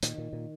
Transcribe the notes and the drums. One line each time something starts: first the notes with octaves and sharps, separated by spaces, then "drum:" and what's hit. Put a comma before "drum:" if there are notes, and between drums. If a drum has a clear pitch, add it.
A#2 D#3, drum: hi-hat
A#2
A#2